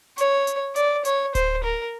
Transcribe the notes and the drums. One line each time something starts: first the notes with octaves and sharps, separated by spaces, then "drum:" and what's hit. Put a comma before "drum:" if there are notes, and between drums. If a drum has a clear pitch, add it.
C#5, drum: hi-hat
drum: hi-hat
D5, drum: hi-hat
C#5, drum: hi-hat
C5, drum: kick D1, hi-hat
A#4